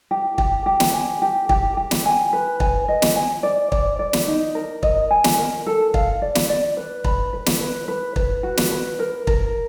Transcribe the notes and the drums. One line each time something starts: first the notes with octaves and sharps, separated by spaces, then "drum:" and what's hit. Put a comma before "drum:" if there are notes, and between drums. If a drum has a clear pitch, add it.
G4
G4, drum: kick
G4
drum: snare
G#5
G4
G4, drum: kick
G4
drum: snare
G#5
B4
G#5, drum: kick
D#5
drum: snare
G#5
D5
D5, drum: kick
D5
drum: snare
D#4
A#4
D#5, drum: kick
G#5
drum: snare
A#4
A4
F5, drum: kick
D5
drum: snare
D5
B4
B5, drum: kick
B4
drum: snare
B4
B4
B4, drum: kick
F#4
drum: snare
B4
A#4
A#4, drum: kick